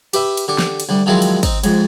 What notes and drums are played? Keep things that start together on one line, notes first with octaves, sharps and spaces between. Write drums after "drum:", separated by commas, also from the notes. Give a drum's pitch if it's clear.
G4 B4 E5, drum: cymbal
drum: cymbal
D3 G4
drum: snare
drum: cymbal
D2 G3
D#3 F3 F#3 G#3 C4 E4
drum: cymbal
C4 D#4, drum: kick, cymbal
F2 G#2, drum: cymbal